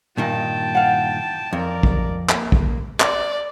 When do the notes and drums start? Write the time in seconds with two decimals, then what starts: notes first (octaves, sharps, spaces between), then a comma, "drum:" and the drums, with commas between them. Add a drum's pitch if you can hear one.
0.17 G2 A#2 D#3 G5 A5
0.75 F5 F#5
1.53 F2 A#4 D5
1.83 drum: kick
2.29 A#3, drum: clap
2.52 drum: kick
3.00 D5, drum: clap